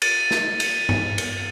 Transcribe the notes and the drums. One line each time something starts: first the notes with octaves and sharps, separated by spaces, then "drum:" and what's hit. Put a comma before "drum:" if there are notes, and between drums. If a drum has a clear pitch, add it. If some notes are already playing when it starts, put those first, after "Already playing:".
A6 D#7, drum: cymbal
drum: snare
drum: cymbal
drum: tom G2
drum: cymbal